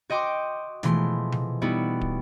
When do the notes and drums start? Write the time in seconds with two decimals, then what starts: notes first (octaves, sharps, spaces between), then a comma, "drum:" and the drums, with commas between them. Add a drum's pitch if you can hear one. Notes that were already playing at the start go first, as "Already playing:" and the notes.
0.10 F#4 D#5 G5 C6 D6
0.83 B2 E3 F3 G#3 A3 C6, drum: snare
1.32 drum: tom C3
1.62 G3 B3 D#4 E4 F#4
2.01 drum: kick